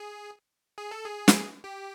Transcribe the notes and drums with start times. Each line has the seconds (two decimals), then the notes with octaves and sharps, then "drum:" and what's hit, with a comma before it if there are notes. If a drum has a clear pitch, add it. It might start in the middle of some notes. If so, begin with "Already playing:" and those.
Already playing: G#4
0.78 G#4
0.91 A4
1.04 G#4
1.28 drum: snare
1.64 G4